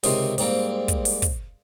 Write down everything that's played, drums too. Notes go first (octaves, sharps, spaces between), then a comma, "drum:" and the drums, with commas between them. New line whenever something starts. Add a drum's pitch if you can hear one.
C#2 C3 D#3 D#5 E5 C6, drum: open hi-hat
G#2 G3 A#3 C4, drum: open hi-hat
drum: kick, hi-hat
drum: open hi-hat
drum: kick, hi-hat